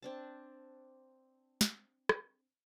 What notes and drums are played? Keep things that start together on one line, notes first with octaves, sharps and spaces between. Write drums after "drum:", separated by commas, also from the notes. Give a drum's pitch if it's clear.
C4 D4 A5
drum: snare
drum: rim click